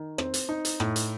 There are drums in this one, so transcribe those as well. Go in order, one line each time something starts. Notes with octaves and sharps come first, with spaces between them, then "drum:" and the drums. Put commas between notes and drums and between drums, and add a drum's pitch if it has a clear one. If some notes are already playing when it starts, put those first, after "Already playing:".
Already playing: D#3
C4, drum: rim click
drum: hi-hat
D#4
drum: hi-hat
A2, drum: rim click
drum: hi-hat